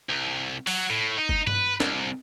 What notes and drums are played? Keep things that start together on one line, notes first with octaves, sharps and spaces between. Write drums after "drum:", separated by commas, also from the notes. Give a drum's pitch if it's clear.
C2
F#3, drum: open hi-hat
A2
D#4
drum: kick
B4, drum: tom G2
C2, drum: snare